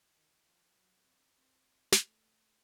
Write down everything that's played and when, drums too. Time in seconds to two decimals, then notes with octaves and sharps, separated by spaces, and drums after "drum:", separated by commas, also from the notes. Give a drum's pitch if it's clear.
0.16 D#3
0.46 F3
0.74 F#3
1.04 C4
1.33 C4
1.92 A3, drum: snare